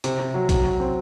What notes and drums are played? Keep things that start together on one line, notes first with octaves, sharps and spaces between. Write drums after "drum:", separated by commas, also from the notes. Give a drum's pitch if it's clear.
C3, drum: hi-hat
C3
F#3
F#3, drum: kick A#1, hi-hat
F#3
C4